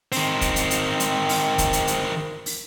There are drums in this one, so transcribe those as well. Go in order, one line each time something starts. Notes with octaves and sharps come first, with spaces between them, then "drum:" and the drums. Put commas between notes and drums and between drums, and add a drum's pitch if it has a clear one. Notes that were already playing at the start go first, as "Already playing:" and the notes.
D#3 C4, drum: open hi-hat
drum: kick, hi-hat
drum: hi-hat
drum: hi-hat
drum: hi-hat
drum: open hi-hat
drum: kick, hi-hat
drum: hi-hat
drum: hi-hat
drum: open hi-hat